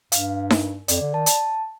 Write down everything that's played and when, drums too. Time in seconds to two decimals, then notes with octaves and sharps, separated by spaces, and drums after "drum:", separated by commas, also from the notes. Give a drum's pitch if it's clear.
0.12 G2 F5, drum: hi-hat
0.50 drum: snare D#4
0.88 F2 D5, drum: hi-hat
1.01 D3 D5
1.14 D#3 A5
1.26 A5, drum: hi-hat